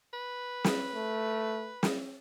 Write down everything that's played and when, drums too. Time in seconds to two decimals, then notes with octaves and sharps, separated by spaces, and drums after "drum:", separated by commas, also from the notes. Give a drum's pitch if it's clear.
0.13 B4
0.64 drum: snare
0.94 A3
1.83 drum: snare